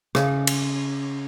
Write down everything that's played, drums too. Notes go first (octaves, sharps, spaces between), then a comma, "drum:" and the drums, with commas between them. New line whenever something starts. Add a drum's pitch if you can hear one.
C#3, drum: rim click
drum: cymbal